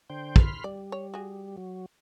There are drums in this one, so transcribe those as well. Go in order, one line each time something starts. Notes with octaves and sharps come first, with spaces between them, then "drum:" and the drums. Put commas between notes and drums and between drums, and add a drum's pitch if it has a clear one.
D3 C5 G5
B5 C6 F6, drum: kick
G3 D5
C#5
F#4 G#4
F#3